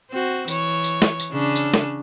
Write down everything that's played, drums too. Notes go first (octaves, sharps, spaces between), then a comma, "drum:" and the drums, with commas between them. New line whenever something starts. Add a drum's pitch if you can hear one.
C4 F#4
E3 C#5, drum: tambourine
drum: tambourine
drum: snare
drum: tambourine
C#3 C#4 D4
drum: tambourine
drum: snare